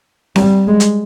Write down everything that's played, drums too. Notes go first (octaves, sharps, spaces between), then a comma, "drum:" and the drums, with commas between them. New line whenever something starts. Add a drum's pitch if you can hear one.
G3, drum: snare C4
G#3
drum: hi-hat